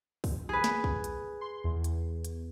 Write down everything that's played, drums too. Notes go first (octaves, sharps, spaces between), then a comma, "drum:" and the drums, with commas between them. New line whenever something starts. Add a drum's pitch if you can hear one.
drum: kick, open hi-hat
G#4 B4
drum: snare
drum: kick
drum: hi-hat
C6
E2
drum: hi-hat
drum: hi-hat